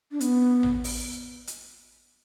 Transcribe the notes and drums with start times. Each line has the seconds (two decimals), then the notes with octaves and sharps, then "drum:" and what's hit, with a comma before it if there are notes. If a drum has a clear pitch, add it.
0.12 D4
0.21 B3, drum: hi-hat
0.63 drum: tom A1
0.84 drum: open hi-hat
1.47 drum: hi-hat